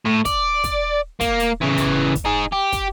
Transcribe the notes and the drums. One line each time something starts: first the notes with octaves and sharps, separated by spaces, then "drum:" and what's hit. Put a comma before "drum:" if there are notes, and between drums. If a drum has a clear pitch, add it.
A2
D5, drum: kick, hi-hat
drum: kick, hi-hat
A#3, drum: kick, hi-hat
drum: hi-hat
C#3 E3
drum: kick, hi-hat
drum: kick, hi-hat
D#4 G#4
G4
drum: kick, hi-hat